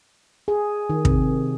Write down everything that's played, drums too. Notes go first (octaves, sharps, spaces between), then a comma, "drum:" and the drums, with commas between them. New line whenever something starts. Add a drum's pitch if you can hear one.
G#4
D#3
C3, drum: kick